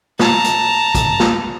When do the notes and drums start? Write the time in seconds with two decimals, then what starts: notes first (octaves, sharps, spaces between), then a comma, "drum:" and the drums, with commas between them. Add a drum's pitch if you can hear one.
0.19 A5 A#5, drum: snare
0.44 drum: hi-hat
0.95 drum: kick, hi-hat
1.20 drum: snare